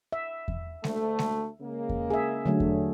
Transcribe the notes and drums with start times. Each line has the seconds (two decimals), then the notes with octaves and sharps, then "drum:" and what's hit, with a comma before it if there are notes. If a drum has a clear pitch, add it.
0.12 E5
0.48 drum: kick E2
0.84 D2 A3, drum: snare G#3
1.19 drum: snare G#3
1.60 C#3 G#3 A#3
1.89 drum: kick E2
2.10 G#4 E5
2.46 D3 F#3 A3
2.60 drum: kick E2